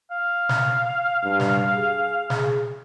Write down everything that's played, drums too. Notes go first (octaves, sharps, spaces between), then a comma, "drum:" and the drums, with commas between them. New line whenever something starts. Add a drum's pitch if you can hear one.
F5
drum: snare
G2
drum: snare
G#4
drum: snare